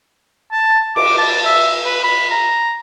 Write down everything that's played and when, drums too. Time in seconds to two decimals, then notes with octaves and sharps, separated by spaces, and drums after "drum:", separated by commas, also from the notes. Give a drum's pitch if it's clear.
0.52 A5
0.96 D6, drum: cymbal
1.18 A5
1.45 E5
1.85 B4
2.03 B5
2.31 A#5